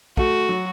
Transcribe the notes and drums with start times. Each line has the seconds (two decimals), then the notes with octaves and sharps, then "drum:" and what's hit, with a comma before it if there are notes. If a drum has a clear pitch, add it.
0.17 A3 F#4, drum: kick
0.49 F#3